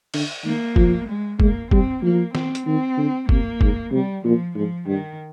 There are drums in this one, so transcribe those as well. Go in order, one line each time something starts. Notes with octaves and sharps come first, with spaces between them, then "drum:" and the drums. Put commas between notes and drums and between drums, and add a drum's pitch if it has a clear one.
D3, drum: cymbal
D#3 A#3
F3, drum: kick
G#3
G#3 A#3, drum: kick
G3 C4, drum: kick
F3 A#3
C4, drum: snare D#3
drum: hi-hat
D#3 C4
D3
C3 A#3, drum: kick
G#2, drum: kick
C3 G3
A#2 F3
G#2 F3
G2 D#3